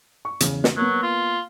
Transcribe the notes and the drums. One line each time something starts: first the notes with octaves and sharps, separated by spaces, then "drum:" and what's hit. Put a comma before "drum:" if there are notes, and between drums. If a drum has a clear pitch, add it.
C#6
E2 C#3, drum: hi-hat
drum: snare
F#3 A#3 B3
F4